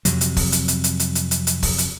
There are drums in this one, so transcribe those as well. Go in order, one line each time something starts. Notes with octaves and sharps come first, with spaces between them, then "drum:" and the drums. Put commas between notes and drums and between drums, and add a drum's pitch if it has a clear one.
F2 C3 F#3, drum: hi-hat
drum: hi-hat
drum: kick, open hi-hat
drum: hi-hat
drum: hi-hat
drum: hi-hat
drum: hi-hat
drum: hi-hat
drum: hi-hat
drum: hi-hat
drum: kick, open hi-hat
drum: hi-hat